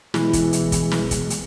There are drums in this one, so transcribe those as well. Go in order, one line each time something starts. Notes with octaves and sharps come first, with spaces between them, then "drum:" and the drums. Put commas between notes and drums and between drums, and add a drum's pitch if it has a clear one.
B2 E3 G#3, drum: snare
drum: kick, hi-hat
drum: hi-hat
drum: kick, hi-hat
drum: snare
drum: kick, hi-hat
drum: hi-hat